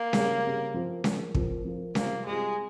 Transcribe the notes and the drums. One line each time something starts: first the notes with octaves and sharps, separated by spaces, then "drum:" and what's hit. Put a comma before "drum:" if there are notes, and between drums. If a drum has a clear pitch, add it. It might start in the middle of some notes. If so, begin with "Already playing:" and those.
Already playing: A#3
C#3 G3 C#4, drum: snare C#4
C#3 G3 C#4
F3 C4 F4 A#4
F3 C4 F4 A#4, drum: snare C#4
F3 C4 F4 A#4, drum: kick
F3 C4 F4 A#4
C3 G3 A#3 C4 F4, drum: snare C#4
C3 G3 G#3 C4 F4